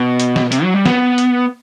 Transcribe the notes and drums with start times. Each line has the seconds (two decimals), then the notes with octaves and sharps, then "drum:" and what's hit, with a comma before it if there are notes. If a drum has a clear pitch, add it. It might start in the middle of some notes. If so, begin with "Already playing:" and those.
Already playing: B2
0.20 drum: hi-hat
0.36 drum: snare
0.52 C3, drum: hi-hat
0.63 F#3
0.74 G3
0.86 B3, drum: snare
1.18 drum: hi-hat